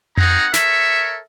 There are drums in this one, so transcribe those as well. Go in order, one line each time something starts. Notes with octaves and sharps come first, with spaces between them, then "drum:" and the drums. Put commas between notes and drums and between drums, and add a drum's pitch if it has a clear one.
C4 D#4 G#4 F#5 A#5, drum: tom F2
A4 A#4 C#5 E5, drum: snare